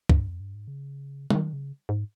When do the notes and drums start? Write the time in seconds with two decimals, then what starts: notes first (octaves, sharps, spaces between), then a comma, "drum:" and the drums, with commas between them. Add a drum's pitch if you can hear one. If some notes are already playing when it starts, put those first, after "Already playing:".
0.10 G2, drum: kick
0.28 F2
0.40 G2
0.55 G#2
0.68 C#3
1.30 C#3, drum: tom G3
1.35 D#3
1.53 C#3
1.89 G#2